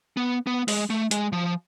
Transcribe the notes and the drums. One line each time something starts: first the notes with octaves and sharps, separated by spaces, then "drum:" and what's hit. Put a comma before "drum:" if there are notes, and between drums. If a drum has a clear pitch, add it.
B3
B3
G#3, drum: open hi-hat
A3
G#3, drum: hi-hat
F3